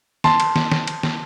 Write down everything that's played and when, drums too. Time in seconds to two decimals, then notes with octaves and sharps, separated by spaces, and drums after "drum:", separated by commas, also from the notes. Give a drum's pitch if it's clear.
0.24 A5 C6, drum: snare
0.40 drum: cymbal
0.56 drum: snare
0.72 drum: snare
0.87 drum: cymbal
1.03 drum: snare